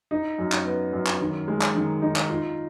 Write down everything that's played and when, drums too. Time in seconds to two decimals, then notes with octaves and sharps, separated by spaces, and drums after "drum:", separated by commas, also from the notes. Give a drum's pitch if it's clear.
0.11 D#4
0.38 F#2
0.52 drum: clap
0.65 B3
0.93 F#2
1.07 drum: clap
1.21 D#3
1.48 G#3
1.61 drum: clap
1.75 D#3
2.02 D#4
2.16 drum: clap
2.29 F4